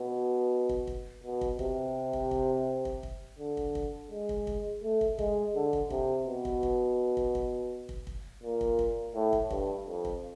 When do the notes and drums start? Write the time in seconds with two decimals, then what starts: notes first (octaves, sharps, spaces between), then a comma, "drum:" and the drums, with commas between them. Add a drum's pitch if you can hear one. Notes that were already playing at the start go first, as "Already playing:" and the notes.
Already playing: B2
0.69 drum: kick
0.87 drum: kick
1.24 B2
1.41 drum: kick
1.59 C3, drum: kick
2.13 drum: kick
2.31 drum: kick
2.85 drum: kick
3.03 drum: kick
3.39 D3
3.57 drum: kick
3.75 drum: kick
4.11 G#3
4.29 drum: kick
4.47 drum: kick
4.83 A3
5.01 drum: kick
5.19 G#3, drum: kick
5.55 D3
5.73 drum: kick
5.90 C3, drum: kick
6.27 B2
6.45 drum: kick
6.63 drum: kick
7.17 drum: kick
7.35 drum: kick
7.89 drum: kick
8.07 drum: kick
8.43 A#2
8.61 drum: kick
8.79 drum: kick
9.15 A2
9.33 drum: kick
9.50 G2, drum: kick
9.87 F2
10.05 drum: kick